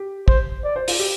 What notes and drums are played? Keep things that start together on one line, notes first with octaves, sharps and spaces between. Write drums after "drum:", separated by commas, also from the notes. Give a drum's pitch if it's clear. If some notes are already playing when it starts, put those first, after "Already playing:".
Already playing: G4
C5, drum: kick
D5
C5
F4, drum: open hi-hat
G4